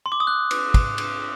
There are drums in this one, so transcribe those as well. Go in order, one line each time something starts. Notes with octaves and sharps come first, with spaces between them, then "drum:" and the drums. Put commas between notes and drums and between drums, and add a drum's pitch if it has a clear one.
C6
D6
D#6
F#6
drum: cymbal
drum: kick, cymbal
drum: cymbal